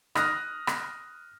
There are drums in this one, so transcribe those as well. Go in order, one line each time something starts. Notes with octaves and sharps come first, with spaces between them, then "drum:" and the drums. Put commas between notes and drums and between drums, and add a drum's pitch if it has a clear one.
D#6 F6 F#6 A#6, drum: rim click
drum: rim click